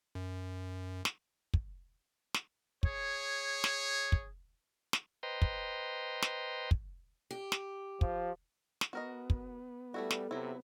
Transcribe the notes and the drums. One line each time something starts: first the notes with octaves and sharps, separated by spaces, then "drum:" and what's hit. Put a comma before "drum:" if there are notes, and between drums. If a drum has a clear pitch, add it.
F#2
drum: snare
drum: kick
drum: snare
G#4 C#5, drum: kick
drum: snare
drum: kick
drum: snare
B4 C5 D#5 G5 A#5 C6
drum: kick
drum: snare
drum: kick
G4
drum: snare
F3, drum: kick
drum: snare
B3 F#4 A#4 D#5
drum: kick
G3 A3 E4 F#4 A4
drum: snare
C3 F#3 E4